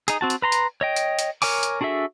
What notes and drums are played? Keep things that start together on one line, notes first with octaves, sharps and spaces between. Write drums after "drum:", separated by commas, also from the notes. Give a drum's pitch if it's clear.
D#4 G#4, drum: hi-hat
C4 F#4 A5
drum: hi-hat
B4 A#5 C6
drum: hi-hat
C#5 D#5 G5
drum: hi-hat
drum: hi-hat
A#4 C#5 G#5 D6, drum: open hi-hat
drum: hi-hat
D4 F#4 G#4 A4 E5